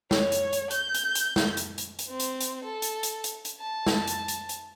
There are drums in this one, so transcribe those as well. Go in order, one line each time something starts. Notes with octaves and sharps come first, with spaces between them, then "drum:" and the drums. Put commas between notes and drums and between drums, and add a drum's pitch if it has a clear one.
C#5, drum: snare
drum: hi-hat
drum: hi-hat
G6, drum: hi-hat
drum: hi-hat
drum: hi-hat
drum: snare
drum: hi-hat
drum: hi-hat
drum: hi-hat
C4
drum: hi-hat
drum: hi-hat
A4
drum: hi-hat
drum: hi-hat
drum: hi-hat
drum: hi-hat
A5
drum: snare
drum: hi-hat
drum: hi-hat
drum: hi-hat